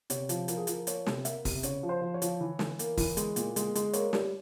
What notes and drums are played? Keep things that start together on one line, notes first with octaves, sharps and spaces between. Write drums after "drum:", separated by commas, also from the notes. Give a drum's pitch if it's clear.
C3 C#5, drum: hi-hat
F3, drum: hi-hat
F3 A#4, drum: hi-hat
G#4
F3 A#4, drum: hi-hat
A#3 C#5, drum: hi-hat
C3, drum: snare
A#3 E5, drum: hi-hat
C3, drum: kick, open hi-hat
C#3 C#5, drum: hi-hat
F3
C5
F3
C#5
F3, drum: hi-hat
E3
E3, drum: snare
A#3, drum: hi-hat
E3, drum: kick, open hi-hat
G#3, drum: hi-hat
A#2, drum: hi-hat
G#3, drum: hi-hat
G#3, drum: hi-hat
A#3 C#5, drum: hi-hat
G3, drum: snare